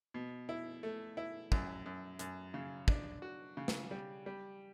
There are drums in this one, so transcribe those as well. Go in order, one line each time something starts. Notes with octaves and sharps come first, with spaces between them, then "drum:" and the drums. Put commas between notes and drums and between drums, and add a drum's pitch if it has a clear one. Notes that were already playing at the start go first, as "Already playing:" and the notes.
B2
E4
A3
E4
F#2, drum: kick
F#2
F#2, drum: hi-hat
C#3
D4, drum: kick
F#4
C#3
drum: snare
G3
G3